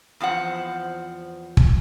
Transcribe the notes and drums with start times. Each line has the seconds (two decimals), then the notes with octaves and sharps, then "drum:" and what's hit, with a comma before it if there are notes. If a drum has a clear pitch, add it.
0.20 E2 F3 C4 F#5
1.57 drum: kick